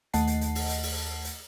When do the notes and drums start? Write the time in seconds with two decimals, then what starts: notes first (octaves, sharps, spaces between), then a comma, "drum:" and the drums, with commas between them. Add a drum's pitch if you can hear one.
0.14 D#2 A3 D#5 F#5 A5 C7, drum: hi-hat
0.27 drum: hi-hat
0.41 drum: hi-hat
0.55 drum: open hi-hat
0.69 drum: hi-hat
0.83 drum: open hi-hat
1.25 drum: hi-hat